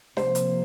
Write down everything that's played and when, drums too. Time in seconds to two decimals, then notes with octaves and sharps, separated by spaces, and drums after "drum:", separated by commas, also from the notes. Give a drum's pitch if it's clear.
0.17 C3 F3 A#3 C5, drum: snare
0.35 drum: hi-hat